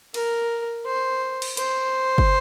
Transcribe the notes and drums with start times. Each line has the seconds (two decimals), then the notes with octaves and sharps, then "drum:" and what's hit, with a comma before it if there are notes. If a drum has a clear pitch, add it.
0.14 A#4, drum: cymbal
0.86 C5
1.42 drum: cymbal
1.57 C5, drum: hi-hat
2.18 drum: kick